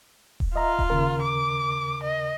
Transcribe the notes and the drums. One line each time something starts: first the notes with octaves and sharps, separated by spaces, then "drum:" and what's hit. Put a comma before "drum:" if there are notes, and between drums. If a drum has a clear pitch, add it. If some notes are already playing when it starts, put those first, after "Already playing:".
drum: kick D#1
F4 D#5 E5 A#5
drum: kick D#1
D#2 C#3 A#4
D6
D#5